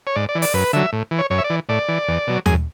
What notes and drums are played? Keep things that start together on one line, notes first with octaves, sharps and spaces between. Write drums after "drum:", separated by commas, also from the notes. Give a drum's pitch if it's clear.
C#5
G#2 D5
D5
E3
D5, drum: open hi-hat
F#2 B4
D3 F#3 E5
A2
E3
C#5
F#2 C#5
E5
D5
E3
A2 D5
E3
E2
B2 F#3
F#2 G#4, drum: tom D#2